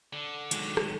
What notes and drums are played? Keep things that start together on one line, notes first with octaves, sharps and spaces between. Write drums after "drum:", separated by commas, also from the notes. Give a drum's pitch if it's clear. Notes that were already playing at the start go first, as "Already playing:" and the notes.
D3
D#3 F#3 G#3, drum: hi-hat
drum: rim click